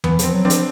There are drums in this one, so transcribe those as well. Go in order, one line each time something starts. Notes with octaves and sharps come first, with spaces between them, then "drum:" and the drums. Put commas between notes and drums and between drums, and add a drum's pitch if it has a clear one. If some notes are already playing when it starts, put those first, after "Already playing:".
E3 B3, drum: tom E2
F3 C4, drum: hi-hat
F#3
C4 D4
F3, drum: hi-hat